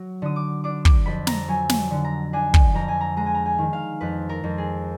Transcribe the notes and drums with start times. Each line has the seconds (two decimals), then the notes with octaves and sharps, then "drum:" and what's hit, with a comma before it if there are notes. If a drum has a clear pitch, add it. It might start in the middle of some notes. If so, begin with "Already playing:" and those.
Already playing: F#3
0.22 D3 D#6
0.36 D6
0.64 D4 D6
0.85 D6, drum: kick
1.06 F2 B5
1.27 A#5, drum: snare
1.48 F#3 G#5
1.69 drum: snare
1.91 D3
2.04 A#5
2.33 D4 G#5
2.54 drum: kick
2.74 F2 A#5
2.88 G#5
3.01 A#5
3.17 G#3 A#5
3.26 G#5
3.34 A#5
3.46 G#5
3.58 D#3
3.73 F5
4.01 F2 B4
4.29 A#4
4.43 F2
4.58 G#4